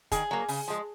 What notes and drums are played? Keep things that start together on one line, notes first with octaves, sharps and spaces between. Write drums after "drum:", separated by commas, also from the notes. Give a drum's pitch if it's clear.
D#3 G#4, drum: kick, hi-hat
F#3 A#3
C#3, drum: open hi-hat
F3 G#3